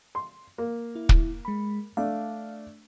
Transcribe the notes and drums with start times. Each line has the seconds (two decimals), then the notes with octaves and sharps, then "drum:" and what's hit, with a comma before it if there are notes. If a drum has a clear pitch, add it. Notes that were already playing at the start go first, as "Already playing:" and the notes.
0.15 C6
0.58 A#3
0.95 E4
1.09 drum: kick
1.45 G#3 B5
1.97 A3 D4 F5